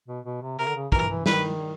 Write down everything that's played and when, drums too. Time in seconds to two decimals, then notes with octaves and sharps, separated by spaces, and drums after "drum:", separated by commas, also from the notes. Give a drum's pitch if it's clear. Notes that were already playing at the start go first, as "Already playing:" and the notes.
0.08 B2
0.26 B2
0.42 C3
0.59 C3 A#4
0.68 D3
0.76 C#3
0.92 E3 A#4, drum: kick
1.09 E3
1.26 D#3 B4, drum: snare